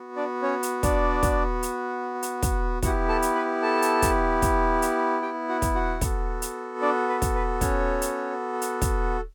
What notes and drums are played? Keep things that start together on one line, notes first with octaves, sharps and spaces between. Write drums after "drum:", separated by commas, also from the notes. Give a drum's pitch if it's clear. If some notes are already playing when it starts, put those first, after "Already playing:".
Already playing: B3 F#4
D4 D5
C#4 C#5
drum: hi-hat
D4 D5, drum: kick, hi-hat
drum: kick, hi-hat
drum: hi-hat
drum: hi-hat
drum: kick, hi-hat
B3 E4 F#4 G4 F#5, drum: kick, hi-hat
A4 A5
drum: hi-hat
B4 B5
A4 A5
drum: hi-hat
drum: kick, hi-hat
drum: kick, hi-hat
drum: hi-hat
G4 G5
F#4 F#5
drum: kick, hi-hat
F#4 F#5
B3 F#4 A4, drum: kick, hi-hat
drum: hi-hat
D4 D5
B4
drum: kick, hi-hat
B4
C#4 C#5, drum: kick, hi-hat
drum: hi-hat
drum: hi-hat
drum: kick, hi-hat